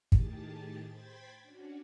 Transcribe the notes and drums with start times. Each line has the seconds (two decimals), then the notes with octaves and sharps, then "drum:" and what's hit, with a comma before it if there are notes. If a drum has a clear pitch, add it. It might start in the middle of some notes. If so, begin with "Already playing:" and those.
0.12 A2 D#3 G4 G#4 A5 A6, drum: kick
0.87 C5 G5 B5 G#6 A6 B6
1.41 C#4 D4 F#4